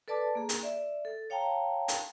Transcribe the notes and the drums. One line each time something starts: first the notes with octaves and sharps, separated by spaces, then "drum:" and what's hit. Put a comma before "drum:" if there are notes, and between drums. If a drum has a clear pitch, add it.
A4 B4 D5 A5 D6
A#3 G#4
drum: hi-hat
D5 E5
A4
C#5 F5 G5 A5 A#5
drum: hi-hat